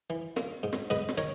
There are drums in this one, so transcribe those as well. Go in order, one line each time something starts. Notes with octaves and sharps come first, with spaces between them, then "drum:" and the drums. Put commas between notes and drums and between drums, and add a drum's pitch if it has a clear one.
E3
A#3, drum: snare
G#2
drum: snare
G#2 B4 D#5
drum: snare
D#3 A#4 C#5